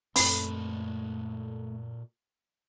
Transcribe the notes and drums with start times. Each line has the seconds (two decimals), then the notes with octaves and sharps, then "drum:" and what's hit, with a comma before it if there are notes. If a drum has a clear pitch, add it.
0.16 F#2 A#2 A3 C4 A4 B4 B5, drum: open hi-hat